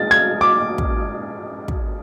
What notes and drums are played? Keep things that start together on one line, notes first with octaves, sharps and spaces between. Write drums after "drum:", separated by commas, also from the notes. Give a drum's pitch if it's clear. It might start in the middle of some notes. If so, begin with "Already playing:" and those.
Already playing: G#3 A6
G#6
D6
drum: kick
drum: kick